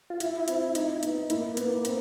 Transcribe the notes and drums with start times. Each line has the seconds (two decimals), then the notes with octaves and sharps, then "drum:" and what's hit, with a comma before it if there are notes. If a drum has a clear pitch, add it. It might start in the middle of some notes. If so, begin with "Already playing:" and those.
0.10 F4
0.20 E4 F4, drum: hi-hat
0.48 C4, drum: hi-hat
0.75 D#4, drum: hi-hat
1.03 B3, drum: hi-hat
1.30 A#3 E4, drum: hi-hat
1.57 B3, drum: hi-hat
1.85 C4, drum: hi-hat